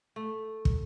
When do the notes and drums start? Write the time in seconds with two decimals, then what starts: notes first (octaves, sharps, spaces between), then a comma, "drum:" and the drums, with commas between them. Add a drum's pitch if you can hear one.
0.16 A3
0.65 drum: kick